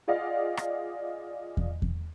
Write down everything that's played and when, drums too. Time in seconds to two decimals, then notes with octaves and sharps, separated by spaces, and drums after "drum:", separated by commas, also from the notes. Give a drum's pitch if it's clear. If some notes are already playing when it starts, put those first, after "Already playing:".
0.08 F4 G#4 D5 D#5 F5 F#5
0.57 drum: rim click
1.57 drum: kick E2
1.82 drum: kick E2